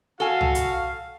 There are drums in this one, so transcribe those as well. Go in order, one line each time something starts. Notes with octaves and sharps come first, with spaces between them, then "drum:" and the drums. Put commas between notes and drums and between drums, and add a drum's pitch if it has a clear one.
F#4 A4 F5 G#5 A5
drum: tom C2
drum: hi-hat